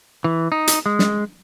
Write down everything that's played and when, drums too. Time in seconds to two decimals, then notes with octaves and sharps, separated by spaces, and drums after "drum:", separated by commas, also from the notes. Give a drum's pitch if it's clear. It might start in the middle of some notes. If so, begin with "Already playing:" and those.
0.24 E3
0.52 D#4
0.67 drum: hi-hat
0.86 G#3
0.99 drum: snare